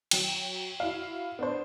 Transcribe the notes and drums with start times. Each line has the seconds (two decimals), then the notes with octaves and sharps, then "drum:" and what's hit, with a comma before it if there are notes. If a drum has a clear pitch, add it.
0.11 F#3 G5, drum: cymbal
0.80 E4 F#4 F5
1.39 B3 D4 C5